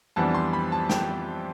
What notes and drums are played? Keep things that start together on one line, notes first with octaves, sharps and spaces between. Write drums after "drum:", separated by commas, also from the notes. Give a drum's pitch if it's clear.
F2 E3 G3 B3 D4 A5
C6
B5
A5
G5, drum: snare